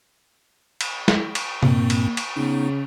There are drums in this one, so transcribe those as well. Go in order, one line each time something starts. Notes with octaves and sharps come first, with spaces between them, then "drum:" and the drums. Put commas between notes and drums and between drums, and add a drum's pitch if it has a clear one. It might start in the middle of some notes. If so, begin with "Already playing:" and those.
drum: cymbal
drum: snare
drum: cymbal
G2 A#2 A#3 C4, drum: tom C3
drum: cymbal
drum: cymbal
C#3 B3 D#4